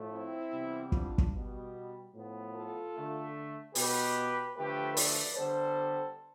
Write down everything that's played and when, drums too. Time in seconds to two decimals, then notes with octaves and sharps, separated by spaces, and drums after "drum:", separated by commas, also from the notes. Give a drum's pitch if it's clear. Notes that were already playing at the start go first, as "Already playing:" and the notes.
Already playing: A2 F3 A3
0.11 C4 E4
0.52 C3 E3 G3 B3
0.92 D4 F4, drum: kick
1.18 drum: kick
1.32 B2 G3 B3
2.13 A2 F3 B3
2.54 F4 A4
2.95 D3 A3
3.75 B2 B3 G4 B4, drum: open hi-hat
4.56 D3 F3 A3 G4 B4
4.97 B4 D5, drum: open hi-hat
5.37 D3 G3 B3 A4 C5